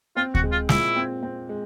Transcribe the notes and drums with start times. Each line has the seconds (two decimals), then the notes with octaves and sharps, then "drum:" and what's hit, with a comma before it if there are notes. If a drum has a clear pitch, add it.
0.16 C4 F4
0.35 F#4, drum: kick D2
0.43 G#3
0.52 F4
0.69 A#2 E4, drum: snare
0.96 C4
1.23 C4
1.49 G#3